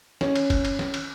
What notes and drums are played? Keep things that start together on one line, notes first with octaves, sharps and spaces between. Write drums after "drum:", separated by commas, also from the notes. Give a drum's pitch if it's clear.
C#4, drum: snare E3
drum: cymbal
drum: kick, cymbal
drum: cymbal
drum: snare E3
drum: cymbal